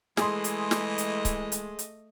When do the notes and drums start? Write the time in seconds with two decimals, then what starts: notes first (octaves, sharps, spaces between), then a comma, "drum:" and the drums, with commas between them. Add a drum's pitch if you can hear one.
0.17 E3 G#3 A3 G#4 D#5 C6, drum: snare
0.44 drum: hi-hat
0.71 drum: snare
0.98 drum: hi-hat
1.25 drum: kick C#1, hi-hat
1.52 drum: hi-hat
1.79 drum: hi-hat